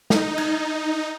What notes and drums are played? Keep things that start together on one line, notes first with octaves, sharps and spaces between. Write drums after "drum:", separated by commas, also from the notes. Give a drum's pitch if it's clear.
D#4, drum: snare
drum: cymbal